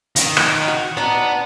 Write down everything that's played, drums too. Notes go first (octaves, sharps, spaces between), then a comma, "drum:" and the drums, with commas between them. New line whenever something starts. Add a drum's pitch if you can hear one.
D#3, drum: hi-hat
drum: rim click
F#4
B3 D4 D#4